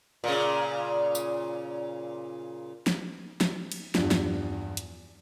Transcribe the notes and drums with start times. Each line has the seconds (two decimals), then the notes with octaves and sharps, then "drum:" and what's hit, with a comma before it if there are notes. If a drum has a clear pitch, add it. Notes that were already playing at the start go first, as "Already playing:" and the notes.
0.24 A#2 C#3
1.15 drum: tambourine
2.87 drum: snare
3.41 drum: snare
3.72 drum: cymbal
3.95 E2 G2 F3, drum: snare
4.11 drum: snare
4.77 drum: hi-hat